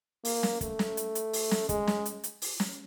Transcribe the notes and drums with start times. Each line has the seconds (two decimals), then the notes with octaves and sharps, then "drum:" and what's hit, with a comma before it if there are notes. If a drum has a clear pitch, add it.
0.25 A#3, drum: open hi-hat
0.43 drum: snare
0.61 A3, drum: kick, hi-hat
0.79 drum: snare
0.97 drum: hi-hat
1.15 drum: hi-hat
1.33 drum: open hi-hat
1.51 drum: snare
1.69 G#3, drum: kick, hi-hat
1.87 drum: snare
2.06 drum: hi-hat
2.24 drum: hi-hat
2.42 drum: open hi-hat
2.60 drum: snare